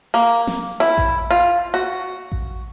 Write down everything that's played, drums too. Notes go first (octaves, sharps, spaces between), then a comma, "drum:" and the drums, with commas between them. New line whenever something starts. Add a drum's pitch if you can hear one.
A#3
drum: snare
E4
drum: kick A1
F4
F#4
drum: kick A1